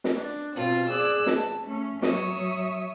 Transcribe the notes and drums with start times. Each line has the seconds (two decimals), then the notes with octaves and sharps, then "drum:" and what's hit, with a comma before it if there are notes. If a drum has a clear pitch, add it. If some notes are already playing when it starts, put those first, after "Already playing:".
0.04 drum: snare
0.16 D4
0.56 B2 C4 F4
0.90 G#4 D5 E6 F#6
1.26 A5, drum: snare
1.65 A3 C#4
2.02 F#3 C#5 E5 D#6, drum: snare